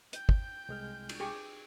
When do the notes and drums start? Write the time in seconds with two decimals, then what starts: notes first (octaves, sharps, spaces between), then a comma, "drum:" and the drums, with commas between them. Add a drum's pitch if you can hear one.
0.13 G5 G6, drum: hi-hat
0.29 drum: kick
0.69 C2 G#3 F6
1.09 drum: cymbal
1.20 G4 G#4 C#6